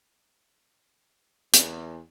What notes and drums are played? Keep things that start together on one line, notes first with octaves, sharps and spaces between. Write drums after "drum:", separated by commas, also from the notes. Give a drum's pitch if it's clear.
E2, drum: hi-hat